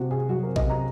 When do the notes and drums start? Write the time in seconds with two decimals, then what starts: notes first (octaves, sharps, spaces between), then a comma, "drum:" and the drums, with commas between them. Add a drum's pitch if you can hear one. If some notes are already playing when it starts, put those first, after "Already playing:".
Already playing: C3 C4 F#4
0.11 C3 G#4
0.29 F#3 F#4
0.43 A#4
0.47 C4
0.56 D#5, drum: kick A1
0.65 C3 A#5